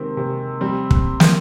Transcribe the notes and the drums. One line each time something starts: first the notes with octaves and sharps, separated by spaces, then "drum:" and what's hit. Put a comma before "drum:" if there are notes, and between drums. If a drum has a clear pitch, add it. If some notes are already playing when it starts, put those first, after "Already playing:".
Already playing: C3 D#3 G#3 A#3 C4 D#4
C3
G3 C4
drum: kick
drum: snare